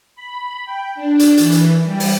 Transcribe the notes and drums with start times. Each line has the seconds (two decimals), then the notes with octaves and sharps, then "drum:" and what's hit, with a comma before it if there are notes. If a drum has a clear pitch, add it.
0.15 B5
0.65 G5
0.95 D4
1.19 drum: hi-hat
1.37 E3, drum: hi-hat
1.52 drum: hi-hat
1.84 G3
2.00 drum: open hi-hat